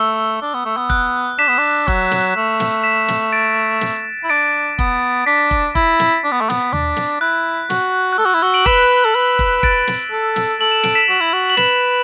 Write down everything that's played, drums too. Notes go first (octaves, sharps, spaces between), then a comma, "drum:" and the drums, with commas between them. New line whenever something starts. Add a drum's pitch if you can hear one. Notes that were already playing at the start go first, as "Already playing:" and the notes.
Already playing: A3 E6
D4
B3
A3
B3
F#6, drum: kick
D4 B6 E7
B3
D4
F#3, drum: kick
drum: snare
A3
drum: snare
B6 E7
drum: snare
A6 D7
drum: snare
E4
D4 A6 D7
B3, drum: kick
D4 B6
drum: kick
E4, drum: kick
drum: snare
D4
B3
A3
B3, drum: snare
D4, drum: tom D#2
drum: snare
E4 F#6
F#4, drum: snare
F#6
A4 E6
F#4
F#6
E4
F#4 E6
D7 F#7
B4 B6 E7, drum: kick
A4
B4
drum: kick
A6 D7, drum: kick
drum: snare
A4
drum: snare
A4 F#7
E7
D7, drum: snare
B6 E7
F#4
E4
F#4
F#7
B4 B6 E7, drum: snare